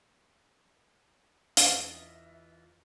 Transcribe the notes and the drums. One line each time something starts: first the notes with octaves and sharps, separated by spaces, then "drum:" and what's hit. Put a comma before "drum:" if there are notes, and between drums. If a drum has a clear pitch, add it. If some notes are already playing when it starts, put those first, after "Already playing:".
E2 E3 F4 D#5 E5, drum: hi-hat